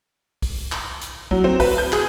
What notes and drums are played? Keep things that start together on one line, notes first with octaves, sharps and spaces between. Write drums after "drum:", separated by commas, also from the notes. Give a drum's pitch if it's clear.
drum: kick, open hi-hat
drum: clap
drum: hi-hat
F#3, drum: kick
C4
B4, drum: kick, open hi-hat
G6
G#4, drum: clap